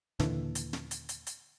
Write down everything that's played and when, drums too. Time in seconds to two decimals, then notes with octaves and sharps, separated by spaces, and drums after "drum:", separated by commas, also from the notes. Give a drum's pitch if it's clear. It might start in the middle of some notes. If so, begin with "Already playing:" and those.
0.19 D#2 A#2 D3 E3, drum: snare
0.55 drum: hi-hat
0.73 drum: snare
0.91 drum: hi-hat
1.09 drum: hi-hat
1.27 drum: hi-hat